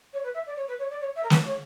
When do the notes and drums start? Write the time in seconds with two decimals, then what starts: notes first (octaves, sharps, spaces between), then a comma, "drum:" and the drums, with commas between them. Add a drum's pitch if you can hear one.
0.13 C#5
0.23 B4
0.34 E5
0.46 D5
0.56 C#5
0.67 B4
0.78 C#5
0.90 D5
1.00 C#5
1.15 E5
1.23 A#4
1.30 B4, drum: snare
1.44 C#5